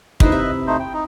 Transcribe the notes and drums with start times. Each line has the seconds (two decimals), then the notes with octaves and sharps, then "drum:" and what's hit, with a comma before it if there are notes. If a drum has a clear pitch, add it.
0.20 A#1 D#4 E4 B4 C5 D#5, drum: kick
0.32 C3 E5 B5
0.67 A3 D#4 C5
0.79 G5
0.93 D#4